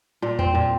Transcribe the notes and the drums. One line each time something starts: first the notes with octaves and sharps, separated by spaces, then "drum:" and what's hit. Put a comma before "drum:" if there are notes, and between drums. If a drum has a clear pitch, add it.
A#2
C4, drum: tom E2
A#2